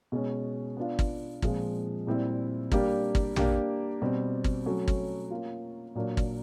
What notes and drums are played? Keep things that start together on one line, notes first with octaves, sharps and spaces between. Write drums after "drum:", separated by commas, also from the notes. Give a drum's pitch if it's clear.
B2 G#3 C#4
B3 D4 F4
drum: kick G#1
A#2 F3 G#3 C4 F4, drum: kick G#1
A#2 G3 C4 E4
G3 A#3 D4 G4, drum: kick G#1
drum: kick G#1
A#3 D4 G4, drum: tom
B2 G3 C4
drum: kick G#1
F#3 A3 C#4
drum: kick G#1
A#3 C#4 F4
A#2 F#3 A#3 D4
drum: kick G#1